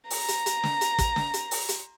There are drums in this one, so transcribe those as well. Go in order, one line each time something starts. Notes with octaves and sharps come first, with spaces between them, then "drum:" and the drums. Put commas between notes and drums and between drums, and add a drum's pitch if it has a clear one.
A#5, drum: open hi-hat
drum: hi-hat
drum: hi-hat
drum: snare
drum: hi-hat
drum: kick, hi-hat
drum: snare
drum: hi-hat
drum: open hi-hat
drum: hi-hat